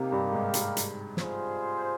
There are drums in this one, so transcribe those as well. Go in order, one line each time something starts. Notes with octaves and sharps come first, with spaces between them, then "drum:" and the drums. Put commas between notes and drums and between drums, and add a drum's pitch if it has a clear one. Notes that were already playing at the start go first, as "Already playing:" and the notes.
Already playing: C3 A#3 D#4 G4 A#4 F5
G2
G#2
G2, drum: hi-hat
drum: hi-hat
F4 G#4 C5, drum: snare